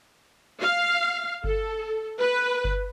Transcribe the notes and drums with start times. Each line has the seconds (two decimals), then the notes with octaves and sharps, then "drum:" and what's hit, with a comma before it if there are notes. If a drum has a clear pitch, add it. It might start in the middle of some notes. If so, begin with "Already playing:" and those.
0.61 F5
1.44 A4, drum: kick G1
2.20 B4
2.64 drum: kick G1